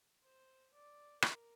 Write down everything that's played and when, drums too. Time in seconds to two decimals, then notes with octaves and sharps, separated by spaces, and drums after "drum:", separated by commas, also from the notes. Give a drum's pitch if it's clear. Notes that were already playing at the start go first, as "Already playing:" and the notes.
0.24 C5
0.74 D5
1.22 A#4, drum: rim click